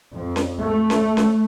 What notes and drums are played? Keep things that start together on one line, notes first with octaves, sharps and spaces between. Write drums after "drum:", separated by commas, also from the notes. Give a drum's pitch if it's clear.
F2
drum: snare C#4
A3
drum: snare C#4
drum: snare C#4